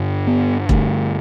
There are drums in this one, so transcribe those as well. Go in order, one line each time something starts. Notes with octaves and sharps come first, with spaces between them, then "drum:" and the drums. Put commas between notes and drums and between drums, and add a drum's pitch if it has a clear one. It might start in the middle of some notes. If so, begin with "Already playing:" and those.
Already playing: G2 D3
B3
G2 D3 A3, drum: kick E1